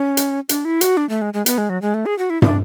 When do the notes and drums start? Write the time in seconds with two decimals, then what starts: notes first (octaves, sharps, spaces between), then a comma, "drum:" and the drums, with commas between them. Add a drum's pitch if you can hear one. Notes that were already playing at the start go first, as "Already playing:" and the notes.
Already playing: C#4
0.17 drum: hi-hat
0.49 D4, drum: hi-hat
0.65 E4
0.81 F#4, drum: hi-hat
0.97 D4
1.09 A3
1.22 G#3
1.34 G#3
1.46 B3, drum: hi-hat
1.58 G#3
1.69 F#3
1.82 G#3
1.94 A3
2.06 G#4
2.18 F#4
2.30 E4
2.42 D4, drum: tom